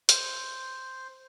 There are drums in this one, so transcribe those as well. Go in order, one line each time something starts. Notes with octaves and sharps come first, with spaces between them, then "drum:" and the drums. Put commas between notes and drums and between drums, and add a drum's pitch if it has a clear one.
C5, drum: hi-hat